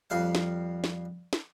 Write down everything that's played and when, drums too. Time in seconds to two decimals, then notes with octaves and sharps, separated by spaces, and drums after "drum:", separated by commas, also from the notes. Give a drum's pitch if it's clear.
0.10 F2 G3 F5 F#5
0.35 drum: snare
0.84 drum: snare
1.33 drum: snare